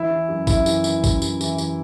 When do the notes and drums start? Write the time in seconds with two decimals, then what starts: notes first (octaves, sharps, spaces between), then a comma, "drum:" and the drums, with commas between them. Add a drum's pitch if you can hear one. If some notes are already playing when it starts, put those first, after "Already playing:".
Already playing: E3 E4
0.10 E3
0.29 F#2
0.47 F#2 E4, drum: kick, tambourine
0.66 E3, drum: tambourine
0.84 E3, drum: tambourine
1.04 F#2, drum: kick, tambourine
1.22 F#2, drum: tambourine
1.41 E3, drum: tambourine
1.58 E3, drum: tambourine